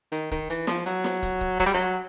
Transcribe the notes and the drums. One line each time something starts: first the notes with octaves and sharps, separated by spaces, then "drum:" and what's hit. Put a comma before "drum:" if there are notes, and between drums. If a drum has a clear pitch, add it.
D#3, drum: hi-hat
D#3, drum: kick
E3, drum: hi-hat
F3, drum: snare
F#3, drum: hi-hat
drum: snare
drum: kick, hi-hat
drum: kick
F#3, drum: kick, open hi-hat
G3
F#3